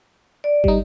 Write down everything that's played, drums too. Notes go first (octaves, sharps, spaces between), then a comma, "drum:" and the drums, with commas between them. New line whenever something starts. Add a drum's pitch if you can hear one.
D5
G3 D#4, drum: kick